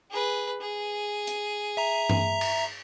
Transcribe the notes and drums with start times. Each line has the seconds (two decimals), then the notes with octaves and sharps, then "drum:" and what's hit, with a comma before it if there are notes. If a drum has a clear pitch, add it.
0.10 G#4 B4
0.61 G#4
1.27 drum: hi-hat
1.77 E5 A#5
2.10 drum: tom G2
2.41 drum: cymbal